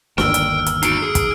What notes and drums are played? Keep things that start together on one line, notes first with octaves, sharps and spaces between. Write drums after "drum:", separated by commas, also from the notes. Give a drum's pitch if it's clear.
G1 D#2 G5 E6 F6, drum: snare
drum: hi-hat
drum: hi-hat
D#4 F#4 C7 D7, drum: hi-hat
G#4
drum: kick, hi-hat